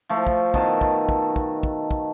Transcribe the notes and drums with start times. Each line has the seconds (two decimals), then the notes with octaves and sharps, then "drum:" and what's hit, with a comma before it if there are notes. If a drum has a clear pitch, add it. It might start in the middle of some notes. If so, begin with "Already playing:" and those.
0.09 F3 A3
0.27 drum: kick
0.54 B2 D#3 D#5 A5, drum: kick
0.81 drum: kick
1.09 drum: kick
1.36 drum: kick
1.63 drum: kick
1.91 drum: kick